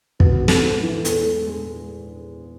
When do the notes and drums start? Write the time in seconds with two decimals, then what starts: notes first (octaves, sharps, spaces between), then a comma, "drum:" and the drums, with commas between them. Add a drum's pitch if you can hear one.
0.20 B3 F#4, drum: kick
0.42 G#2
0.48 A4, drum: snare
0.62 G#2
0.83 E3
1.05 E2 A4, drum: hi-hat
1.26 G#3
1.47 G#3